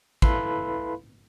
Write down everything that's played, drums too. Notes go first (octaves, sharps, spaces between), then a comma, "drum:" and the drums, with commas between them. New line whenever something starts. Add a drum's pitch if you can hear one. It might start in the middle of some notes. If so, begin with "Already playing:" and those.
E4 A4 B4 F5 B5 C6, drum: kick A1